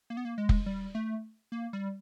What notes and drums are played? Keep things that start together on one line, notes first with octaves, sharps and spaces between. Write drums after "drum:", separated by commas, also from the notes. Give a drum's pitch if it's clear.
A#3
B3
A#3
G#3
drum: kick F1
G3
A3
A#3
G3